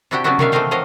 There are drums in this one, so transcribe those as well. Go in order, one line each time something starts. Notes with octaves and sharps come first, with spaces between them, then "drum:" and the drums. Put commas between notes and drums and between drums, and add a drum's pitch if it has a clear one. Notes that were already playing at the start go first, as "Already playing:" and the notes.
C3 D4 E4 F#4 G4 G5
C#3 F#3 B3 D4 E4 F#4
D#3 A#3 D4 B4 E5 F5, drum: tom B2
E3 A3 C4 D#5 F5 G5
D#3 F3 F#3 D#5 F5